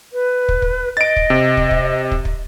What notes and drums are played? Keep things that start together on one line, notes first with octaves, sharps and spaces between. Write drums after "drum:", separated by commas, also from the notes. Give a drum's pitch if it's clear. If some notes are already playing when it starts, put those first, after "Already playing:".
B4
drum: kick
drum: kick
D#5 A6 D7
drum: kick
C3
drum: kick
drum: kick
drum: kick
drum: kick